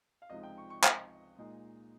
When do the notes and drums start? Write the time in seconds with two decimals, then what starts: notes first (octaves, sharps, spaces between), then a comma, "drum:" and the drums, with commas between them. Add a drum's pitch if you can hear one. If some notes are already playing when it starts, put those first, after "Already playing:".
0.22 F5
0.30 C#2 C3 F3 G#3 D#4 D#5
0.43 G5
0.58 C#6
0.70 C#6
0.84 D#5, drum: clap
1.38 A#2 G#3 D#4